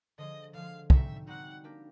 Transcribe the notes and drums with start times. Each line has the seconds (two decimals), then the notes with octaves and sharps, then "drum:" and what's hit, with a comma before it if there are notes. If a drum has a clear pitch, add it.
0.18 D3 F3 G#3 D#5
0.54 D3 F3 G#3 F5
0.90 G3 C4 D#4 F#4 E5, drum: kick
1.27 G3 C4 D#4 F#4 F#5
1.64 A#3 D4 G4